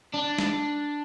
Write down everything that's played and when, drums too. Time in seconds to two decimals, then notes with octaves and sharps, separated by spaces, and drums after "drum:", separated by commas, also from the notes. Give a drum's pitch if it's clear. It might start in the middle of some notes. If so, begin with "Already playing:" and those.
0.14 D4
0.38 drum: snare